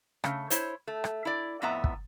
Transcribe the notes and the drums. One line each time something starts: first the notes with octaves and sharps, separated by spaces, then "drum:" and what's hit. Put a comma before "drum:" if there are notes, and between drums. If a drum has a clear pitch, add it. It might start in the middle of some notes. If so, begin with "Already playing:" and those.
C#3 A3, drum: rim click
E4 C5 C#5, drum: hi-hat
A3
drum: rim click
E4 D5
F2 A2 B3 E5 A#5
drum: kick